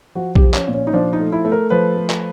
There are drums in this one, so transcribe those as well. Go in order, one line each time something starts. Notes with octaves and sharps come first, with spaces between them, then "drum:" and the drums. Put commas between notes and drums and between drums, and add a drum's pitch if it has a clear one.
F3 F#4
G4, drum: kick A#1
F3
C#4, drum: clap
A#2
C#4
D#4
F3 D4
D#4
A3
E4
A3
A#4
F3 B4
A3
drum: clap